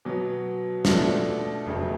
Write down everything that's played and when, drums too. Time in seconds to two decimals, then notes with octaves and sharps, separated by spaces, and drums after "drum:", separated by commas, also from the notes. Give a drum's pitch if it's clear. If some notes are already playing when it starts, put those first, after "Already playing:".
0.05 B2 F#3 B3
0.85 B2 A3 D4 F4 A4, drum: snare
1.66 F1 F2 C#3 F#3 A3